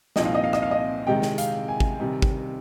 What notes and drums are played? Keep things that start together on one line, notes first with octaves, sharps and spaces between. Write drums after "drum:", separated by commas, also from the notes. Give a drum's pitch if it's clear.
C2 A#2 F3 C4 D#4 D#5, drum: snare
F5
D#5
F5
D#5, drum: rim click
F5
D#5
C3 D#3 G#3 D#4 G5
drum: snare
F5, drum: hi-hat
G#5
drum: kick
C3 D#3 G3 C4 D#4
drum: kick